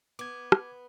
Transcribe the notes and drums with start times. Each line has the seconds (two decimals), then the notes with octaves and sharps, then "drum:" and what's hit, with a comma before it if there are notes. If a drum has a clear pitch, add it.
0.19 B3 D6 G#6
0.52 drum: rim click